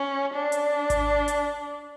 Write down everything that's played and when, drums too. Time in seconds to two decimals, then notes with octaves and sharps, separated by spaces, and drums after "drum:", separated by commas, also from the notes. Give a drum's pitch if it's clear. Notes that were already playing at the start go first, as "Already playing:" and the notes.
Already playing: C#4
0.34 D4
0.52 drum: hi-hat
0.90 drum: kick G#1, hi-hat
1.28 drum: hi-hat